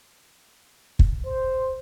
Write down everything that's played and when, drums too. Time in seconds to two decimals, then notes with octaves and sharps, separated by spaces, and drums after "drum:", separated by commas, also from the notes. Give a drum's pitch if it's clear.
0.99 drum: kick
1.25 C5